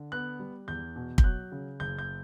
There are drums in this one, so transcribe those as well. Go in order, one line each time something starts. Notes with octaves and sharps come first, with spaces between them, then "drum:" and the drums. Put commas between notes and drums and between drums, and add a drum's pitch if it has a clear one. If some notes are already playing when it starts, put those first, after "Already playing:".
Already playing: D3
B3 F#6
G3
E2 G6
B2
G6, drum: kick
F#3 F#6
C#3
F#1 G6
G6